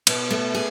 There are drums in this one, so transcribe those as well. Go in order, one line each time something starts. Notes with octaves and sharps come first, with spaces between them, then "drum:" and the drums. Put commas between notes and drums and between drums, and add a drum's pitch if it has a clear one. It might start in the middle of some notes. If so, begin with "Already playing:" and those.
B2, drum: cymbal
A3
G#4